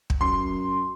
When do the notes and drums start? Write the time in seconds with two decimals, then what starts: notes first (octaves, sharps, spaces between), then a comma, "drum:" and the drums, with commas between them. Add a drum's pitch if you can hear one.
0.10 drum: kick
0.21 F#2 C6